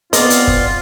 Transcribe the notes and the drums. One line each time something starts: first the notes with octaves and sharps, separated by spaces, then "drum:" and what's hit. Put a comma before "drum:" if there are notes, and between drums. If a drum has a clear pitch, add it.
B3 C4 F4 D5 D#5, drum: hi-hat
drum: hi-hat
drum: kick F#1